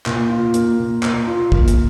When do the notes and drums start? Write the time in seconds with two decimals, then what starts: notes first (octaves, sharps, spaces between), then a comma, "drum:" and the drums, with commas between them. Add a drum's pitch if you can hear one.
0.06 A#2, drum: clap
0.30 F4
0.54 A#3, drum: hi-hat
0.79 A#2
1.03 A#2, drum: clap
1.27 F4
1.52 A#3, drum: kick
1.68 drum: hi-hat